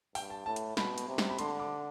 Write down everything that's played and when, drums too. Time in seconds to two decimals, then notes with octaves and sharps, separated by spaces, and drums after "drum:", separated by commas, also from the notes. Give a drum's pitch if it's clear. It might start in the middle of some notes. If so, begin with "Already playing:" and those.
0.15 G2 G5, drum: open hi-hat
0.30 A5
0.46 A2 A5
0.56 drum: hi-hat
0.77 B2 B5, drum: snare
0.98 drum: hi-hat
1.08 C3
1.18 drum: snare
1.30 B5
1.39 D3 C6, drum: hi-hat
1.60 D6